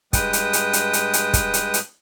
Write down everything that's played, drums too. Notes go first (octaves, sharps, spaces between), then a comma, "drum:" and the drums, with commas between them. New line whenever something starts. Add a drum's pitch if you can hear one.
G2 G#3 B4 G5 D#6, drum: kick, hi-hat
drum: hi-hat
drum: hi-hat
drum: hi-hat
drum: hi-hat
drum: hi-hat
drum: kick, hi-hat
drum: hi-hat
drum: hi-hat